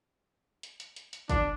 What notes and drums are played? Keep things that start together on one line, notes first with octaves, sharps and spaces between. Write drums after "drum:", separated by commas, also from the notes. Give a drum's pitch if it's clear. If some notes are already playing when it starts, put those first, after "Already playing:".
drum: hi-hat
drum: hi-hat
drum: hi-hat
drum: hi-hat
D4, drum: kick, hi-hat